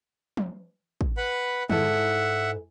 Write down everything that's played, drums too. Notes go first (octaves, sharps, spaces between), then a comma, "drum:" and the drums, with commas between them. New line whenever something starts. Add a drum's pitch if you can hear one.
drum: tom
drum: kick
B4 F#5 B5
G#2 E4 A4 E5 F#5, drum: tom